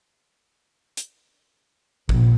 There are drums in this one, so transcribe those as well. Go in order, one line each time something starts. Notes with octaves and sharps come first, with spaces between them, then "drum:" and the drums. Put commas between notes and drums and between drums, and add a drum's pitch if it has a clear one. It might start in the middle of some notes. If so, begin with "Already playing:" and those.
drum: hi-hat
A#1, drum: kick G#1